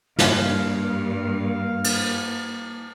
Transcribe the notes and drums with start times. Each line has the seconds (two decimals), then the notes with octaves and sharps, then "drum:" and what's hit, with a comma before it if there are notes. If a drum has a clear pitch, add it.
0.19 G2 A#3 F5, drum: snare
1.84 drum: cymbal